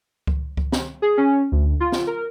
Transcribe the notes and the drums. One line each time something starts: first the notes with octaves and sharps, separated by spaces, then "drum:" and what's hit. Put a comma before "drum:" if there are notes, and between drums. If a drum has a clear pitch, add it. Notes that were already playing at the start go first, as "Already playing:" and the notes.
drum: kick C#2
drum: kick C#2
drum: snare
G#4
C#4
D2
F4
drum: snare
A#4